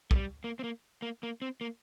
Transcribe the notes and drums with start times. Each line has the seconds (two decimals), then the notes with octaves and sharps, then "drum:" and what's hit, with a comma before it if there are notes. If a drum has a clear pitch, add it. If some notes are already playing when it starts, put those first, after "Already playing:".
0.11 A3, drum: kick
0.15 G3
0.44 A#3
0.59 C4
0.64 A#3
1.02 A#3
1.23 A#3
1.42 C4
1.61 A#3